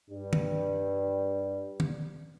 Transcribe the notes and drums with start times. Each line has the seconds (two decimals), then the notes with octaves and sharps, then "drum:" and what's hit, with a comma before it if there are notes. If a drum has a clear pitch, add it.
0.10 G2 G3
0.33 drum: tom
1.80 drum: tom